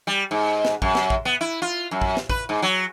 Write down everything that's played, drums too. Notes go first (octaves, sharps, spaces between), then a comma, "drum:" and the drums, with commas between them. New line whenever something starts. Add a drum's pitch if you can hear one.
G3
G#2
drum: snare
F#2, drum: kick
drum: snare
drum: kick
B3
E4
F4
F#2
drum: kick
drum: snare
B4, drum: kick
G#2
F#3